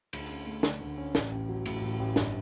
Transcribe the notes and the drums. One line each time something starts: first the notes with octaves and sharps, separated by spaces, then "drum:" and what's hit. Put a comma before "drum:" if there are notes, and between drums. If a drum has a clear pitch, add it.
D2, drum: cymbal
C#4
A3
D3, drum: snare
D2
C#4
A1, drum: snare
A1
F#3
A2, drum: cymbal
A1
A1
G1, drum: snare